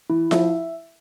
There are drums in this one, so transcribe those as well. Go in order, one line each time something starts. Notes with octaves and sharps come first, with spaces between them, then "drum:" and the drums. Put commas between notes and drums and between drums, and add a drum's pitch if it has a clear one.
E3 E4
F3 E5, drum: snare F4